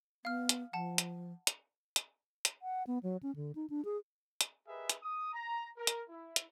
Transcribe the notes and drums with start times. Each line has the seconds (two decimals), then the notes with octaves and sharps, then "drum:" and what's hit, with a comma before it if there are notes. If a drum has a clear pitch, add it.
0.25 B3 F5 F6
0.49 drum: hi-hat
0.73 F3 F#5 A5
0.98 drum: hi-hat
1.47 drum: hi-hat
1.96 drum: hi-hat
2.45 drum: hi-hat
2.62 F#5
2.87 B3
3.03 F#3
3.23 C#4
3.36 D3
3.55 D#4
3.70 D4
3.85 G#4
4.41 drum: hi-hat
4.66 G4 G#4 A#4 B4 D#5 E5
4.90 drum: hi-hat
5.02 D#6
5.33 A#5
5.78 A#4
5.87 drum: hi-hat
6.09 E4
6.36 drum: hi-hat